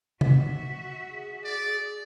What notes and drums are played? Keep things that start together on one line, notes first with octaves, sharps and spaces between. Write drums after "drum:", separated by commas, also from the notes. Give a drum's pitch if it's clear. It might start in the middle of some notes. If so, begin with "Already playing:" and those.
F#4 E5, drum: tom C3
G#4
D5